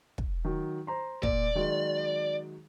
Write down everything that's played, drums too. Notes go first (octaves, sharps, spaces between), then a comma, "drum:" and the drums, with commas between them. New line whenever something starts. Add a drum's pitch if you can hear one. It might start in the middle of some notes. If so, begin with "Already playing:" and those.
drum: kick
D#3 F#3
C5 A#5 C6
A#2 D5, drum: kick
D#3 F#3 G#3